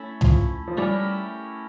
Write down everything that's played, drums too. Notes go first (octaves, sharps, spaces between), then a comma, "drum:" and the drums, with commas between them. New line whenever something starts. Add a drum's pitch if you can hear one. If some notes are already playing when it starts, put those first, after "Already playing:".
Already playing: A3 C#4 E4
F3, drum: tom
F3
G3 A3 C#4 E4 G4 A#4